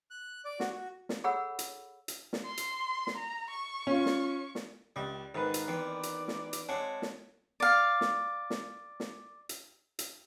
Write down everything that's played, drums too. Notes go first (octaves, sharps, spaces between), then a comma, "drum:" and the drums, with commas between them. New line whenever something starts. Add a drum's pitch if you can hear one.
F#6
D5
F#4, drum: snare
F#4
drum: snare
G#4 A4 C#5 F#5 B5 E6
drum: hi-hat
drum: hi-hat
drum: snare
C6
drum: hi-hat
drum: snare
A#5
C#6
C#4 F4
drum: snare
drum: snare
C#2 G3
G#2 D#3 B4
drum: hi-hat
E2 C4 D5
drum: hi-hat
drum: snare
drum: hi-hat
G#3 C4 C#5 F#5 A5
drum: snare
D5 F5
drum: snare
drum: snare
drum: snare
drum: hi-hat
drum: hi-hat